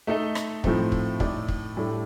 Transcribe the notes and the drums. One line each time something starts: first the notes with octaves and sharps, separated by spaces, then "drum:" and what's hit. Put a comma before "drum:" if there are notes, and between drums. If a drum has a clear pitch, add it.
A3 D#4 A4 D#5
drum: rim click
A2 F3 A3 C4 D#4, drum: kick
drum: kick
A2 A3 D#4 A4 D5, drum: kick
drum: kick
A2 G3 D4 A4